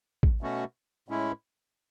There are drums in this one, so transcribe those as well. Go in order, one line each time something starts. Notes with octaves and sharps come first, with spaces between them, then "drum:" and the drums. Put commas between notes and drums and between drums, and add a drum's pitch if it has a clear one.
drum: kick A1
B2 A3 C#4 F#4
A2 G#3 C#4 E4